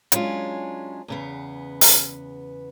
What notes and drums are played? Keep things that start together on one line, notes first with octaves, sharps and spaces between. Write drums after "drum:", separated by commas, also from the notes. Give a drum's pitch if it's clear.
F#3 G#3 C#4 D4 F4, drum: hi-hat
E2 C#3 B3
drum: open hi-hat